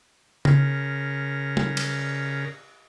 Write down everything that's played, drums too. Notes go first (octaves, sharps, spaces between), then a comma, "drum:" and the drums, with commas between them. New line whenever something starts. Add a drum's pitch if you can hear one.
C#3 A#4, drum: tom C#3
drum: tom
drum: cymbal